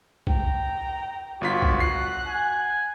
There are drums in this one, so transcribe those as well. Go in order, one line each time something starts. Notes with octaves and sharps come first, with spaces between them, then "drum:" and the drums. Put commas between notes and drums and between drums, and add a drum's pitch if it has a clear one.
G5 A#5, drum: kick B1
G1 F4 F#4 B6
drum: kick B1
F#5 F#6 C7
G#5